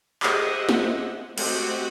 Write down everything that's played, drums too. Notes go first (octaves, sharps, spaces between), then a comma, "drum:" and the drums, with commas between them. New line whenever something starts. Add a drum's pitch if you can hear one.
G4 G#4 C5 D#5 E5 F#5, drum: clap
drum: snare
A3 C4 F#4 G4 D#5 F#5, drum: cymbal